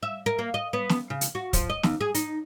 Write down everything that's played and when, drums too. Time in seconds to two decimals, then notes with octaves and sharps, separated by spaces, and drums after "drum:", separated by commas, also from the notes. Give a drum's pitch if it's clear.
0.03 E5
0.26 A#4
0.39 A#3
0.54 D#5
0.73 B3
0.89 drum: snare
1.10 C#3
1.21 drum: hi-hat
1.35 F#4
1.53 F3, drum: kick, hi-hat
1.70 D#5
1.83 D#2, drum: snare
2.01 G#4
2.15 D#4, drum: hi-hat